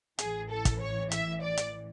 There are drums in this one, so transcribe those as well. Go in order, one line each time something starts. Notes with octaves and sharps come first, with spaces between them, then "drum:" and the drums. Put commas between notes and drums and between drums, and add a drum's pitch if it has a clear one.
A1 A2 E3 G#4, drum: hi-hat
A4
drum: kick, hi-hat
C#5
E5, drum: hi-hat
D5
drum: hi-hat